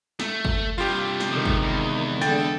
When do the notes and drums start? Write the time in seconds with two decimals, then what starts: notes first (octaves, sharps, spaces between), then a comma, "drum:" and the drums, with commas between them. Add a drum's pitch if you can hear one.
0.19 A3, drum: snare
0.45 drum: kick
0.78 G2 C3 F4 G4
1.20 drum: snare
1.31 C3 D#3 F3 G#3 A3
1.45 drum: kick
1.62 E2
2.21 D3 G#3 A4 G5 A6, drum: snare